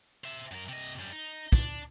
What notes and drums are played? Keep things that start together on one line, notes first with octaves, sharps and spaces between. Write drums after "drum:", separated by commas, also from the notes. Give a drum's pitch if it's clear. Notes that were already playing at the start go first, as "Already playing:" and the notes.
C5 E5
F#2 A#4
C3 D#5
F#2 G3
D#4
D4, drum: kick